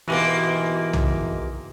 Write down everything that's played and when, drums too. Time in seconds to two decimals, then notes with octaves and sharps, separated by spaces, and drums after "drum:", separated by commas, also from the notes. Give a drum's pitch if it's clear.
0.08 G#2 B2 E3 A#3 E4 G4
0.93 drum: tom